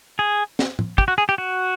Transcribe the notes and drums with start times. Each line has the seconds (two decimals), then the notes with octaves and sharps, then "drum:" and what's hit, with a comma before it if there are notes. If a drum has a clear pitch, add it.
0.19 G#4
0.59 drum: snare
0.79 drum: tom
0.98 G4, drum: kick
1.08 F#4
1.18 G#4
1.29 G4
1.38 F#4